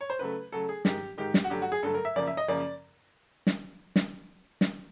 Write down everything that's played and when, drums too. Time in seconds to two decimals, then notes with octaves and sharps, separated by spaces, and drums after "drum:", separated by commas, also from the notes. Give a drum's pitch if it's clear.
0.01 C#5
0.10 C5
0.19 C#3 F#3 A3 B4
0.52 C#3 F#3 A3 A4
0.69 G#4
0.85 G#2 D#3 G#3 G4, drum: snare
1.18 G#2 D#3 G#3 G4
1.34 drum: snare
1.44 F#4
1.50 G2 D3 F#3 A3 G4
1.62 F#4
1.72 G#4
1.83 G2 D3 F#3 A3 A4
1.94 A#4
2.05 E5
2.16 F#2 C#3 F3 A#3 D5
2.27 E5
2.37 D#5
2.48 F#2 C#3 F3 A#3 D5
3.47 drum: snare
3.96 drum: snare
4.61 drum: snare